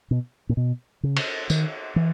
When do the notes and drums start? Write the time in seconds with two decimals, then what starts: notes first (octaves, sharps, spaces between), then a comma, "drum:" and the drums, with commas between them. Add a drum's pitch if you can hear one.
0.11 B2
0.49 A#2
0.57 B2
1.03 C#3
1.17 drum: cymbal
1.50 D#3, drum: tambourine
1.96 E3